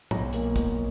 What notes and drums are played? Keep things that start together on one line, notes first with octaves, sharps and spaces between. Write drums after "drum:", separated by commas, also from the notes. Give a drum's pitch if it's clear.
B1 A#5, drum: tom
A#2 A#3, drum: hi-hat
B1, drum: kick, hi-hat